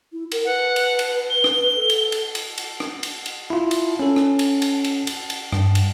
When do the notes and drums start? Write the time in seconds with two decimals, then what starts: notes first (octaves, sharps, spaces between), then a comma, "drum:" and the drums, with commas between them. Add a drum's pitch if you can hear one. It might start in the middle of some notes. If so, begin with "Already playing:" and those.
0.12 E4
0.32 A#4, drum: cymbal
0.45 B4 F#5
0.76 drum: cymbal
0.99 drum: cymbal
1.30 G7
1.44 drum: rim click
1.75 A4
1.90 drum: cymbal
2.12 drum: cymbal
2.35 drum: cymbal
2.58 drum: cymbal
2.80 drum: rim click
3.03 drum: cymbal
3.26 drum: cymbal
3.50 E4 F4
3.71 drum: cymbal
4.00 C#4 A4
4.16 drum: rim click
4.39 drum: cymbal
4.62 drum: cymbal
4.84 drum: cymbal
5.07 drum: cymbal
5.30 drum: cymbal
5.52 G2, drum: rim click
5.75 drum: cymbal